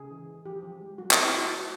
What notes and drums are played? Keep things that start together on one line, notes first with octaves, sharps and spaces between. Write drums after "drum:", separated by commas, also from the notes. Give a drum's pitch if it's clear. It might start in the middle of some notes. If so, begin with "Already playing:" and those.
Already playing: C#3 G#4
E3
E3
F3 G4
F3
G#3
F#3 F#4
E4, drum: clap
B3
E4
B3 F#4
A3 F#4